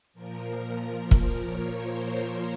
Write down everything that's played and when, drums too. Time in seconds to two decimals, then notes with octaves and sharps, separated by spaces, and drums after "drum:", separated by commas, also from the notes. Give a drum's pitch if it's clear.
0.13 A#2 F3 A#4
1.11 drum: kick
1.43 C#5
1.76 C5